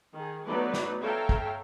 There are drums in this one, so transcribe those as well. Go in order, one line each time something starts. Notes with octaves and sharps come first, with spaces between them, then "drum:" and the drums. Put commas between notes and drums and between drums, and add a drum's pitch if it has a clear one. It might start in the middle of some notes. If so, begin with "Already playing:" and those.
D#3 G#4
F#3 A3 B3 D#4 B4 D5
drum: snare
A4 C#5 E5 F5 G5 A#5
drum: kick